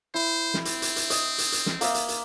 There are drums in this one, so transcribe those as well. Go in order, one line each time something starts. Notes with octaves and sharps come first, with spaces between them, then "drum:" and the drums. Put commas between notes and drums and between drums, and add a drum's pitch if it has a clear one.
E4 C5
drum: snare
C4, drum: hi-hat
drum: hi-hat
drum: hi-hat
D#5, drum: hi-hat
drum: hi-hat
drum: hi-hat
drum: snare
A#3 D#5 E5, drum: hi-hat
drum: hi-hat
drum: hi-hat